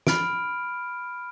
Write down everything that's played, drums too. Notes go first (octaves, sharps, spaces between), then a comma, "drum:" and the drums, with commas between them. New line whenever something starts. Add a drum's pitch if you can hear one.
B5 F6 D7, drum: snare